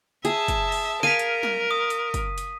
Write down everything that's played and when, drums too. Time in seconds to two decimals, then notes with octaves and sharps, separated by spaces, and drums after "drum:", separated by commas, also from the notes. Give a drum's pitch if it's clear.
0.25 G#4 E5 A5, drum: hi-hat
0.48 drum: kick, hi-hat
0.72 drum: open hi-hat
1.03 A#4 F5 G#5 B6 D#7
1.19 drum: hi-hat
1.43 drum: snare
1.71 D#6
1.90 drum: hi-hat
2.14 drum: kick, hi-hat
2.38 drum: hi-hat